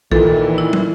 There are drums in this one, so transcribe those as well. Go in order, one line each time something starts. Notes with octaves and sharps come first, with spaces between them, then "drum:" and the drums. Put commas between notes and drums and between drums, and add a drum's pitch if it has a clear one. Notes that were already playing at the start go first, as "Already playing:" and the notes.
A#2 D#3 E3 A4, drum: kick
E4
drum: tom